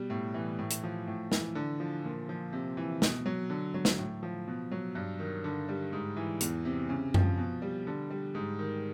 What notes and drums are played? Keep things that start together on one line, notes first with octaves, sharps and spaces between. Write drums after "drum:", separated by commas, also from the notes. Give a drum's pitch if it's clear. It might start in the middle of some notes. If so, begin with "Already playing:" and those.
Already playing: B2 G3
A2
E3
A2
drum: hi-hat
F3
A2
E3, drum: snare
D3
F3
A#2
F3
C3
E3
B2, drum: snare
F#3
D3
F#3
drum: snare
A2
F3
B2
F#3
G2
D#3
D3
G3
G#2
E3
E2, drum: hi-hat
C3
C#3
F3, drum: tom F#2
B2
G3
D3
G3
G#2
D#3